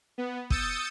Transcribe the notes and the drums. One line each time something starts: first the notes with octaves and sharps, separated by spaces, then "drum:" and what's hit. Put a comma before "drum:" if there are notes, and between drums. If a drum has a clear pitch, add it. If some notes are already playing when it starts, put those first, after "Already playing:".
B3
D#6 E6 G6 A6 C#7, drum: kick